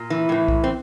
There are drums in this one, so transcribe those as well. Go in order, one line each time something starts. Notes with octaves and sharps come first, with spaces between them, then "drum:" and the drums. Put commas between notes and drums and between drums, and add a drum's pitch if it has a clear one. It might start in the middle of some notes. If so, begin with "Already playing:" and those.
Already playing: A#2
E3
A2 E3
drum: kick
C4